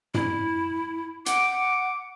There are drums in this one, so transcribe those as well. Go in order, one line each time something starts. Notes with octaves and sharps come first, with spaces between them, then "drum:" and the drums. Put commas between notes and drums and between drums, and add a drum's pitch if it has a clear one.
E4, drum: tom
F#5 D6, drum: hi-hat